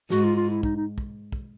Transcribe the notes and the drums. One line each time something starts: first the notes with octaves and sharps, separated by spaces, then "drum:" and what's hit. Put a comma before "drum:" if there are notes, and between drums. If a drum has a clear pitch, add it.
G#2 F#4, drum: snare
F4
F4
E4
D#4, drum: kick
D#4
drum: kick
drum: kick